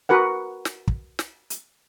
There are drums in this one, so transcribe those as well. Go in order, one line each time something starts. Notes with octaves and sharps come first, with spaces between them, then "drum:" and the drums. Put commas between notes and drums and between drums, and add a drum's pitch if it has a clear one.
F#4 A#4 B4 F#5
drum: snare
drum: kick
drum: snare
drum: hi-hat